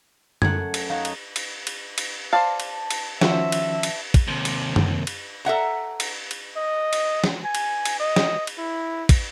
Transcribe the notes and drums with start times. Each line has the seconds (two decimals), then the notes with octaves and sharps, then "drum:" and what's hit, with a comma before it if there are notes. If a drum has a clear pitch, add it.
0.42 F#2 A3 F#5 G#6, drum: tom F#2
0.74 drum: cymbal
0.90 D#4 F#4 C#5 F5
1.05 drum: cymbal
1.36 drum: cymbal
1.67 drum: cymbal
1.98 drum: cymbal
2.33 C5 D5 F5 A5
2.60 drum: cymbal
2.91 drum: cymbal
3.21 D#3 F3 C#4 F#4 C5 E5, drum: snare
3.52 drum: cymbal
3.83 drum: cymbal
4.14 drum: kick, cymbal
4.28 D#2 C3
4.45 drum: cymbal
4.76 drum: tom F#2
5.07 drum: cymbal
5.45 A4 E5 F#5 A#5
6.00 drum: cymbal
6.31 drum: cymbal
6.57 D#5
6.93 drum: cymbal
7.24 drum: snare
7.44 G#5
7.55 drum: cymbal
7.85 drum: cymbal
8.00 D#5
8.16 drum: snare
8.47 drum: cymbal
8.58 E4
9.09 drum: kick, cymbal